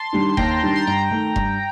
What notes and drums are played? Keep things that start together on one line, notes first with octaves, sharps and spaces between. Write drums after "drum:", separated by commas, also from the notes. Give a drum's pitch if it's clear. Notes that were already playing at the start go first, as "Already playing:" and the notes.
Already playing: A5 C6
D#3 G3 D4
D#2 G5 A#5, drum: kick F1
D#3 G3 D4
C6
G2 G5 A#5
D#3 A3
G2, drum: kick F1